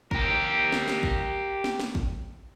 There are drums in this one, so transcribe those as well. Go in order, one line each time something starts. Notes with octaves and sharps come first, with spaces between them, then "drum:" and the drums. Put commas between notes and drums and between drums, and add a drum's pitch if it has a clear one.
G4 A#4, drum: kick
drum: snare
drum: snare
drum: kick
drum: snare
drum: snare
drum: kick